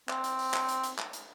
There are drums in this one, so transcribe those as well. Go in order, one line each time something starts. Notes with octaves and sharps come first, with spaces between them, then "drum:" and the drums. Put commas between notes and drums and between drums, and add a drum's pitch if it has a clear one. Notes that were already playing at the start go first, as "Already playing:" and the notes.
C4, drum: clap
drum: hi-hat
drum: open hi-hat
drum: clap
drum: hi-hat
drum: hi-hat
drum: clap
drum: hi-hat